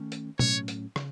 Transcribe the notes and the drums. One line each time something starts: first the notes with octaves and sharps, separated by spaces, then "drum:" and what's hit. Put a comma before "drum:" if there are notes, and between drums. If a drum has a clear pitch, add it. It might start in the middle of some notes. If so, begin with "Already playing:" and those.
Already playing: D#3 A3 C#4
drum: hi-hat
A2 F#3 A3 C#4 C#5, drum: tom B2
drum: hi-hat
C#3, drum: rim click